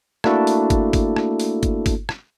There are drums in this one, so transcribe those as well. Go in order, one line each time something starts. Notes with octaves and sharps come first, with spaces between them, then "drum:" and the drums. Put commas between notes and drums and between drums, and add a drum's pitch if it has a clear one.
A3 A#3 D4 E4 F#4 A4, drum: rim click
drum: open hi-hat
drum: kick, hi-hat
drum: kick, open hi-hat
drum: rim click
drum: open hi-hat
drum: kick, hi-hat
drum: kick, open hi-hat
drum: rim click